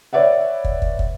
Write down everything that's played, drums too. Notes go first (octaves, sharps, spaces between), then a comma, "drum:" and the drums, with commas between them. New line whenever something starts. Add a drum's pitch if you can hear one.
B4 C#5 D5 E5 F#5
drum: kick
drum: kick
drum: kick